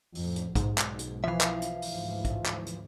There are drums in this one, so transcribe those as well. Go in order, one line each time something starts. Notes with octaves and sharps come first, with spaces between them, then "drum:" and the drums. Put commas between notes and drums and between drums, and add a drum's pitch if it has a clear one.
F2 A2, drum: open hi-hat
drum: hi-hat
B1 G#2 B2, drum: kick, hi-hat
drum: clap
drum: hi-hat
E3 F3 E5 F5
drum: clap
drum: hi-hat
D2 G#2, drum: open hi-hat
drum: kick, hi-hat
drum: clap
drum: hi-hat